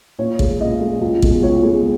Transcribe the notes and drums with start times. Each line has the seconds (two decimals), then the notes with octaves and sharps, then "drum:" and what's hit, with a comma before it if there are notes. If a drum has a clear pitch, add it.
0.19 A#2 C#5
0.39 G#3, drum: kick
0.60 A#2 D#5
0.80 G#3
1.01 C#2
1.22 B2 G#3, drum: kick
1.42 C#2 C#5
1.63 B2 G#3